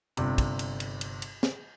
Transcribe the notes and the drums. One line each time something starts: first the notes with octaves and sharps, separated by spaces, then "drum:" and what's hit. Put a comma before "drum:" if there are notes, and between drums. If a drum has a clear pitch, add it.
G1 C3, drum: cymbal
drum: kick, cymbal
drum: cymbal
drum: cymbal
drum: cymbal
drum: cymbal
drum: snare